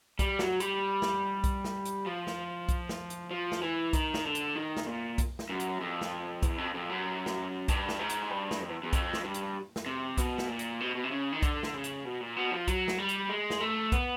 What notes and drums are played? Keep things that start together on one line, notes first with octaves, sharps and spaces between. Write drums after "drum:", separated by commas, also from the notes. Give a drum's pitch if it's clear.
G3, drum: kick B1, hi-hat
F#3, drum: snare
G3, drum: hi-hat
drum: snare
drum: kick B1, hi-hat
drum: snare
drum: hi-hat
F3
drum: snare
drum: kick B1, hi-hat
drum: snare
drum: hi-hat
F3
drum: snare
E3
D#3, drum: kick B1, hi-hat
drum: snare
D3
drum: hi-hat
D#3
drum: snare
A#2
drum: kick B1, hi-hat
drum: snare
F#2
drum: hi-hat
F2
drum: snare
E2, drum: kick B1, hi-hat
F2
F2
F#2
drum: snare
G2, drum: kick B1, hi-hat
drum: snare
G#2
drum: hi-hat
G2
drum: snare
F2
E2
E2
F2, drum: kick B1, hi-hat
drum: snare
G2
drum: hi-hat
drum: snare
C3
B2, drum: kick B1, hi-hat
drum: snare
A#2
drum: hi-hat
B2
B2
C3
C#3
D#3
D3, drum: kick B1, hi-hat
drum: snare
C#3
drum: hi-hat
B2
A#2
B2
F3
F#3, drum: kick B1, hi-hat
drum: snare
G3
drum: hi-hat
G#3
drum: snare
A3
B3, drum: kick B1, hi-hat